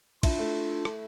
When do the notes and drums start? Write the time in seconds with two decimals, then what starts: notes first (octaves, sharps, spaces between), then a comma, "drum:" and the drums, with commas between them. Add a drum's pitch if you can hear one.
0.23 D4 E4 F4, drum: kick, cymbal
0.39 A3
0.85 drum: rim click